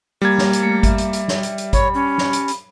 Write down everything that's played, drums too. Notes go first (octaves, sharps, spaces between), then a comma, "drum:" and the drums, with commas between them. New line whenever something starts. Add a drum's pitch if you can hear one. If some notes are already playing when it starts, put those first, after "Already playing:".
G3 A#3 G#6
drum: snare
drum: hi-hat
A3
E5, drum: kick G#1, hi-hat
drum: hi-hat
drum: hi-hat
drum: snare
drum: hi-hat
drum: hi-hat
C#5 B5, drum: kick G#1, hi-hat
C#4
drum: snare
drum: hi-hat
drum: hi-hat